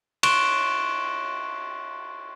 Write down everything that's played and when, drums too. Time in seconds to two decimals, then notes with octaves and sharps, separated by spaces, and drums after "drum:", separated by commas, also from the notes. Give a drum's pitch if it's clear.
0.23 C6 C#6 F#6 D7 E7 G7, drum: cymbal